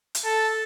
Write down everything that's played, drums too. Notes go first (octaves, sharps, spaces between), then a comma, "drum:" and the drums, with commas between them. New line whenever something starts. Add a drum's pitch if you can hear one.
drum: hi-hat
A4